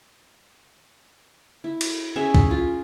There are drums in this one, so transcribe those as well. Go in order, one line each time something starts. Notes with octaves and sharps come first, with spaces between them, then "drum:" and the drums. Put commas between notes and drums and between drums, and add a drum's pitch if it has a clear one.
E4
drum: cymbal
C#4 G#4 C#5 E5
drum: kick
F4